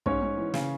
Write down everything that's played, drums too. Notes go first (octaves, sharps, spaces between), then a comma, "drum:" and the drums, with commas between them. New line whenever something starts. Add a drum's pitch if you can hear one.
G#2 C#4 C#5, drum: kick
G#2
E3
C#3, drum: snare